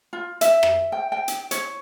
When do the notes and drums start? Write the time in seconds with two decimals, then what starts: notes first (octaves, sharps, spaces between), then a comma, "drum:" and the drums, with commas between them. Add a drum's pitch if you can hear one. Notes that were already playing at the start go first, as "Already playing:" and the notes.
0.13 F4
0.41 E5, drum: hi-hat
0.63 drum: rim click
0.92 G5
1.12 G5
1.28 drum: hi-hat
1.51 C#5, drum: hi-hat